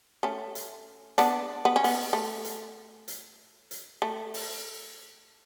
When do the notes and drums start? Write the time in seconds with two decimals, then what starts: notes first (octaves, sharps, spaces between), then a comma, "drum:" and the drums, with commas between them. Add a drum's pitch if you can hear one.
0.23 A3 C#4
0.55 drum: hi-hat
1.18 B3 D4, drum: hi-hat
1.65 B3
1.76 C#4
1.84 B3, drum: open hi-hat
2.13 A3
2.45 drum: hi-hat
3.08 drum: hi-hat
3.71 drum: hi-hat
4.02 A3
4.34 drum: open hi-hat